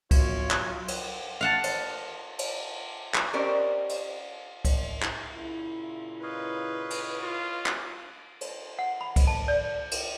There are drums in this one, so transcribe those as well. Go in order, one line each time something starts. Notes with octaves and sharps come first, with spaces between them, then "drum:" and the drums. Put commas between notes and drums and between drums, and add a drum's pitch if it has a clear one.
B2 F#3 F4 C#5, drum: kick C#2, cymbal
drum: clap
drum: cymbal
F5 F#5 A5
drum: cymbal
drum: cymbal
drum: clap
C#4 G4 A#4 C5 D5 D#5
drum: cymbal
drum: kick C#2, cymbal
drum: clap
A#2 C#3 E4
B4 C#5 D#5 F5
drum: cymbal
F4
drum: clap
drum: cymbal
F#5
B5
drum: kick C#2, cymbal
A5
D5
drum: cymbal